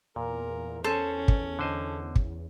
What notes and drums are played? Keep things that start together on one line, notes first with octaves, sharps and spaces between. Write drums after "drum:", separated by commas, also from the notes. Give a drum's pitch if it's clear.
E2 A#2 A#4
C#4 A4 C5 G#5 C6
drum: kick
D3 C5 D#5
drum: kick